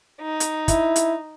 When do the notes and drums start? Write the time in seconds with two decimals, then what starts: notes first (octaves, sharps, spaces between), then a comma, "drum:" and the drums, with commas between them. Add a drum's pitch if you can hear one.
0.21 D#4
0.40 drum: hi-hat
0.68 E4, drum: kick, hi-hat
0.96 drum: hi-hat